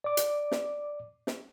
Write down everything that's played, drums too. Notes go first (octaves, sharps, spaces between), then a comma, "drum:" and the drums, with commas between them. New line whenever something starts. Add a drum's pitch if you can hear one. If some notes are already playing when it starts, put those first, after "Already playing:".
D5 D6
drum: hi-hat
drum: snare
drum: snare